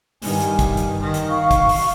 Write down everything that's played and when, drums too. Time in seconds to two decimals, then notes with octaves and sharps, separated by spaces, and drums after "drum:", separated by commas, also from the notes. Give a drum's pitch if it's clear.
0.22 G2 D#3 G#5, drum: open hi-hat
0.41 drum: hi-hat
0.59 drum: kick, hi-hat
0.77 drum: hi-hat
1.00 D#3
1.14 drum: hi-hat
1.29 F5 C#6
1.51 drum: kick, hi-hat
1.60 F#2
1.69 drum: open hi-hat